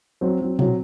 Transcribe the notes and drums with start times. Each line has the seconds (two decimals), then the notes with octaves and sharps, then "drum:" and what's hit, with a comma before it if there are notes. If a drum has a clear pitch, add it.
0.21 F#3 C4
0.41 F#3
0.59 F#3, drum: tom A#2